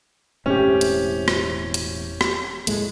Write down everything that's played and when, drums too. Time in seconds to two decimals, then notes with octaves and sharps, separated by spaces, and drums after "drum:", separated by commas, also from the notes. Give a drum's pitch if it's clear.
0.46 E1 A2 C3 C#4 G4
0.81 drum: hi-hat
1.28 drum: rim click
1.74 drum: hi-hat
2.21 drum: rim click
2.67 A2 G#3 A3, drum: hi-hat